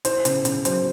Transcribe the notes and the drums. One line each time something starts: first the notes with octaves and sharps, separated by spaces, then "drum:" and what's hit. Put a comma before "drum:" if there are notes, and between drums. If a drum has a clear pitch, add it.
E4 C5, drum: hi-hat
C#3, drum: hi-hat
C#3, drum: hi-hat
F#3 C5, drum: hi-hat